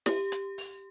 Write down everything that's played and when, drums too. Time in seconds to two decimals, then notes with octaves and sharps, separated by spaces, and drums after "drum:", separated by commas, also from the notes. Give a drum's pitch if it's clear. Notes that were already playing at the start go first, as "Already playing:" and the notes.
0.06 G4, drum: snare
0.32 drum: hi-hat
0.58 drum: open hi-hat